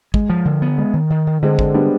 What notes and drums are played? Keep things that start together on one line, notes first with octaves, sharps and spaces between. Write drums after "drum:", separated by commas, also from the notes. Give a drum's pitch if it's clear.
G#3, drum: kick
F3
D3
B3
G#3
D#3
D#3
D#3
D3 G#3 C4
D3, drum: kick
G3 B3 D4